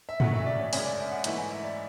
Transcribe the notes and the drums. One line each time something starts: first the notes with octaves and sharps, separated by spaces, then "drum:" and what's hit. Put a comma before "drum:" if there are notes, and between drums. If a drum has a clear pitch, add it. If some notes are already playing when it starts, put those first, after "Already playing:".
E5
D2 C#3 F#3 A3 F#5, drum: tom
E5
D5
C#5
F#2 C#3 G#3 D4 G#4 C#5, drum: open hi-hat
D5
E5
F#5
G#2 E3 A3 E4 F#5, drum: hi-hat
G#5
E5
D5